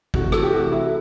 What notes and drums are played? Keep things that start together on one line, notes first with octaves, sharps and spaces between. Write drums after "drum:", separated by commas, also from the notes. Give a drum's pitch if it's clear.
C3 E3 A3 F#4, drum: kick
A4, drum: rim click
G4
C3 E3 A3 F#4
E4